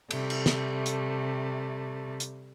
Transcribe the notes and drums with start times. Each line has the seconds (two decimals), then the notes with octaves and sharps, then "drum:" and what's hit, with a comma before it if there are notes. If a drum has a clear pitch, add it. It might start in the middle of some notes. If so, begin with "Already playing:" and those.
0.11 C3 G3 A3, drum: cymbal
0.30 drum: cymbal
0.46 drum: snare
0.86 drum: hi-hat
2.20 drum: hi-hat